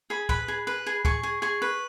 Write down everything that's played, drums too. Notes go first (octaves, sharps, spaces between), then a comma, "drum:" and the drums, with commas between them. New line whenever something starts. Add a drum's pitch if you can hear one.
G#4 B5
B4 B5, drum: kick C#2
G#4
B4
G#4
G#4 C#6, drum: kick C#2
G#4
G#4 C#6
B4